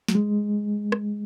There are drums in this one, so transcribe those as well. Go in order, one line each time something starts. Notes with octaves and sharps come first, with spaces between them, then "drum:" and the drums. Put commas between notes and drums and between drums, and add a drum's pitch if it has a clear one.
F#3, drum: snare
G#3
drum: rim click